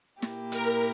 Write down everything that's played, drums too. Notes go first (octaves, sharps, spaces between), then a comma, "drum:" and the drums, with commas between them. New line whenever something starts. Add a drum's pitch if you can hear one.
A#2 A#3 E4 G4, drum: snare
A#4, drum: hi-hat